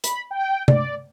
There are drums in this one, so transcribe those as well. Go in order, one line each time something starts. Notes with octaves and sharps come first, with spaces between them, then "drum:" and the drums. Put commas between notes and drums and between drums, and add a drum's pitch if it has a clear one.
B5, drum: hi-hat
G5
D5, drum: tom C3